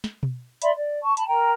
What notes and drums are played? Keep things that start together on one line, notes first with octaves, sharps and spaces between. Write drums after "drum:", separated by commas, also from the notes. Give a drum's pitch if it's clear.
drum: snare
drum: tom B2
D5 E5 B5 C6, drum: hi-hat
D5
A5 C#6
A5 B5, drum: hi-hat
A#4 G5 A#5